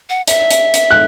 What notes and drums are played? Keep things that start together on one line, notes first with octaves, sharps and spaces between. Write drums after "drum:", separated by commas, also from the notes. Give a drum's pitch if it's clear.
F#5
E5, drum: hi-hat
drum: hi-hat
drum: hi-hat
F#6